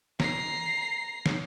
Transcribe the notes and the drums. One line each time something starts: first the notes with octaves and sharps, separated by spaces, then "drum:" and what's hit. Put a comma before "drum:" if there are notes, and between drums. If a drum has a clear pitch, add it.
A#5 C7, drum: snare
drum: snare